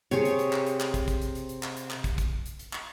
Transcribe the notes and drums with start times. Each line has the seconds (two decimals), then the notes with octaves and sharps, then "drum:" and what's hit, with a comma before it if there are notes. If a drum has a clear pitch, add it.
0.11 C3 G#4 C#5, drum: hi-hat
0.25 drum: hi-hat
0.39 drum: hi-hat
0.53 drum: clap
0.66 drum: hi-hat
0.80 drum: clap
0.94 drum: kick, hi-hat
1.08 drum: kick, hi-hat
1.22 drum: hi-hat
1.35 drum: hi-hat
1.49 drum: hi-hat
1.63 drum: clap
1.77 drum: hi-hat
1.90 drum: clap
2.04 drum: kick, hi-hat
2.18 drum: kick, hi-hat
2.46 drum: hi-hat
2.59 drum: hi-hat
2.73 drum: clap